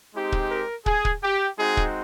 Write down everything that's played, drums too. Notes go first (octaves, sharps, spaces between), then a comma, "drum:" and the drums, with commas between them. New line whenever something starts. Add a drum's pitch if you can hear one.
G#3 C4 D#4 G4
drum: kick
A#4
G#4, drum: kick
drum: kick
G4
G#3 C4 D#4 F#4 G#4
drum: kick